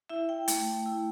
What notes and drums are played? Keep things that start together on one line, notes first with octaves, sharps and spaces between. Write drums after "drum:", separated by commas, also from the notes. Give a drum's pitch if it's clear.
E4 E5
G5
A3, drum: hi-hat
E4